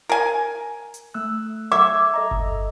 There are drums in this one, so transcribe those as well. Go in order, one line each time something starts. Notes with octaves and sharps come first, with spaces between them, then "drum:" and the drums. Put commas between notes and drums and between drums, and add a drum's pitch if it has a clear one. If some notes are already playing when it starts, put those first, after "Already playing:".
A#4 G#5
drum: hi-hat
A3 E6 F#6
E5 D6 G#6
A4 D#5 A#5
drum: kick G1